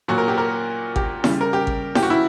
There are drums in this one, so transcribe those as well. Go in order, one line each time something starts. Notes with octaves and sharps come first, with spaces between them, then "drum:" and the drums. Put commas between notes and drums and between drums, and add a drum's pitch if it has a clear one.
A#2 F#3 F#4
A#4
G4
A#4
G4, drum: kick
C#3 G3, drum: snare E4
A#4
G4
drum: kick
G4, drum: snare E4
F#4
E4